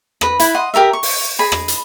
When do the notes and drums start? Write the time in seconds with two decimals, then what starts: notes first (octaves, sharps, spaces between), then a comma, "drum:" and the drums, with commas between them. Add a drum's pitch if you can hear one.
0.21 B4 D#5, drum: rim click
0.40 E4 B4, drum: hi-hat
0.55 D#5 F#5 C6
0.74 G4 A#4 D#5 E5
0.93 C#6
1.03 drum: open hi-hat
1.39 G#4 D#5 B5
1.52 drum: rim click
1.68 drum: hi-hat